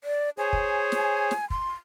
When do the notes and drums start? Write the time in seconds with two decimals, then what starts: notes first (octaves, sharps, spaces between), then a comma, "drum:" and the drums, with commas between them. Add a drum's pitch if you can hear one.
0.04 D5
0.38 G#4 C5 C#5 G#5
0.53 drum: kick
0.92 drum: snare
1.31 drum: snare
1.50 C6, drum: kick